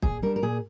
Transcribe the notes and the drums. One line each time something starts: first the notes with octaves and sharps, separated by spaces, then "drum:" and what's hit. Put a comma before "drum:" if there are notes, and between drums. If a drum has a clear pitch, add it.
A#2 G#4, drum: kick
G3 D4 A#4
A#4
A#2 G#4